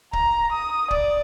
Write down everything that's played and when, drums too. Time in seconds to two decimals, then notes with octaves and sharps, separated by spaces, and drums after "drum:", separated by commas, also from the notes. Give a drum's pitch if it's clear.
0.13 A#5, drum: kick C#1
0.52 D#6
0.91 D5, drum: kick C#1